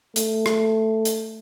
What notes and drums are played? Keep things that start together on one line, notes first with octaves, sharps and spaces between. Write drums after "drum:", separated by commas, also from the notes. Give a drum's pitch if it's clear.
A3, drum: hi-hat
drum: rim click
drum: hi-hat